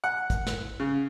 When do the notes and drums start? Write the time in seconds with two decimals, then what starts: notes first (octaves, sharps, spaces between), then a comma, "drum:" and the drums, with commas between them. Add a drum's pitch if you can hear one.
0.04 F#5
0.30 drum: kick, hi-hat
0.47 drum: snare
0.80 C#3